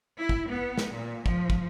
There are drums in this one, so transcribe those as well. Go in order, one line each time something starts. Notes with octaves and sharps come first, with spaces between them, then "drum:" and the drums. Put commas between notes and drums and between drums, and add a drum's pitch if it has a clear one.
E4
drum: kick
B3
drum: snare
A#2
F3, drum: kick
drum: kick